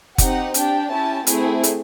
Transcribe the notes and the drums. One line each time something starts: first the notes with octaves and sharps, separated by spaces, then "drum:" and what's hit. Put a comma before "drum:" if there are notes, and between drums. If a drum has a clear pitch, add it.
C4 D#4 G4 F#5, drum: kick F#1, hi-hat
D4 G4 G5, drum: hi-hat
C#4 E4 G4 A5
A3 C4 E4 G#4, drum: hi-hat
drum: hi-hat